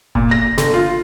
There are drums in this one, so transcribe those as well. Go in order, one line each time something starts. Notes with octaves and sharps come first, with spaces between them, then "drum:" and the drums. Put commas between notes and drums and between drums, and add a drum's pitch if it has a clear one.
A#2, drum: kick F#1
A#6
G1, drum: snare
F4